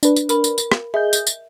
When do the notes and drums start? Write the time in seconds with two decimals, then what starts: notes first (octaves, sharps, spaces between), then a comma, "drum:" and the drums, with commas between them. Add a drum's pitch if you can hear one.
0.03 D4 B4, drum: tambourine
0.16 drum: tambourine
0.29 A#4 B5, drum: tambourine
0.44 drum: tambourine
0.58 drum: tambourine
0.72 drum: rim click
0.94 G#4 D#5 E5 G6
1.13 drum: tambourine
1.27 drum: tambourine